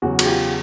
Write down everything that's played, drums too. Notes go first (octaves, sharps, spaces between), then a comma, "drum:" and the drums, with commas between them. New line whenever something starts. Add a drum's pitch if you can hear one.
E2 C#3 F#3 F#4
F#4, drum: cymbal
F4 G4